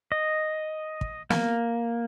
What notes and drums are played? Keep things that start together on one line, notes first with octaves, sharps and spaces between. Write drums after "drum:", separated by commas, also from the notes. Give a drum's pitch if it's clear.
D#5
drum: kick
A#3, drum: snare